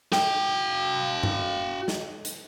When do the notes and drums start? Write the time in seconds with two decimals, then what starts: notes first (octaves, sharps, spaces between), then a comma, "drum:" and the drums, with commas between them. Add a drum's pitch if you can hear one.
0.12 F#4 G5, drum: snare
1.23 drum: tom G2
1.88 drum: snare
2.25 drum: hi-hat